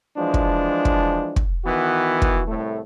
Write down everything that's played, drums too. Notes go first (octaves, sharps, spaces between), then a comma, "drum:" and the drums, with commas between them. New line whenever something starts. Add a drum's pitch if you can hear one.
E3 F3 G#3 D4
drum: kick
drum: kick
drum: kick
D#3 E3 B3 F#4
drum: kick
C2 A2 A3